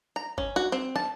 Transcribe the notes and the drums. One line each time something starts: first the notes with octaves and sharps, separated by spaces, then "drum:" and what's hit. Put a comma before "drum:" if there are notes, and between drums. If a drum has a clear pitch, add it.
A#5
C#4, drum: kick G1
F#4
C4
A5, drum: snare